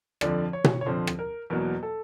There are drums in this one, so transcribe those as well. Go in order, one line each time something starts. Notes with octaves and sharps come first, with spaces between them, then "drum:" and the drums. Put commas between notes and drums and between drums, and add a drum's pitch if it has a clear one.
F2 D3 F3 D5, drum: rim click
C#5
drum: tom B2
C#5
F2 D3 F3 C5
drum: rim click
A#4
E2 B2 F#3 A#3 A#4
A4